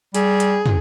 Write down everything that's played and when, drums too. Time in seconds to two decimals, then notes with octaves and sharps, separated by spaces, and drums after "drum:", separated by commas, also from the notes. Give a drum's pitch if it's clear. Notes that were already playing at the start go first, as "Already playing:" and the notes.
0.14 G3 G#4, drum: hi-hat
0.40 drum: hi-hat
0.66 drum: tom